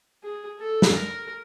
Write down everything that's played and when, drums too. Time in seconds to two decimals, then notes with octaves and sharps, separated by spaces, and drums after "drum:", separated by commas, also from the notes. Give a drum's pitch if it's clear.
0.24 G#4
0.59 A4
0.82 drum: snare
0.96 A#4